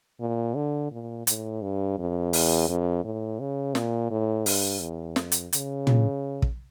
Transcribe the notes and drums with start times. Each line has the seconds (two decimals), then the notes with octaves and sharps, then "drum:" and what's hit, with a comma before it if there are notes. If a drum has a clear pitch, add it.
0.21 A#2
0.56 D3
0.91 A#2
1.27 A2, drum: hi-hat
1.62 G2
1.98 F2
2.33 E2, drum: open hi-hat
2.69 F2
3.05 A2
3.40 C#3
3.75 A#2, drum: snare
4.11 A2
4.46 G2, drum: open hi-hat
4.81 E2
5.16 F2, drum: snare
5.32 drum: hi-hat
5.53 C#3, drum: hi-hat
5.87 drum: tom
6.42 drum: kick